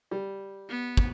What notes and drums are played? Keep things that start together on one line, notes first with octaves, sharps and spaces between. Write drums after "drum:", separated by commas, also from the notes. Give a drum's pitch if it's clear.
G3
B3
drum: kick